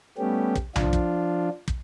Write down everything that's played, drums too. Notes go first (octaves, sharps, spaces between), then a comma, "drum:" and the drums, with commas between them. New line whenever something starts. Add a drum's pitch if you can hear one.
G3 A3 B3 C#4 G4
drum: kick
F3 D4 F4, drum: tom B1
drum: kick
drum: kick